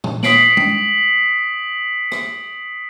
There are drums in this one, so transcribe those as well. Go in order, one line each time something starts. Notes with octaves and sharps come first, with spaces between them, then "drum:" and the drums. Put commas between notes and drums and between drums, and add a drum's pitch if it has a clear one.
drum: tom A#2
D#6 B6 C7 D7 F#7, drum: snare
drum: tom G#3
drum: rim click